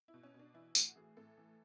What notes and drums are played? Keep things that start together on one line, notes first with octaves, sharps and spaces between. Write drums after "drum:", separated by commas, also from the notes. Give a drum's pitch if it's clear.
E4
B2
C#4
B2
D4
E3 E4
A2 F#4, drum: tambourine
E3 G#4
A2 A4
E3